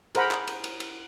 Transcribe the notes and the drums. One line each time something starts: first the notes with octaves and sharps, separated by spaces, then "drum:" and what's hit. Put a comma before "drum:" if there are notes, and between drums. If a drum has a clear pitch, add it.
G#4 A#4 C5 F#5 B5, drum: cymbal
drum: clap
drum: cymbal
drum: cymbal
drum: cymbal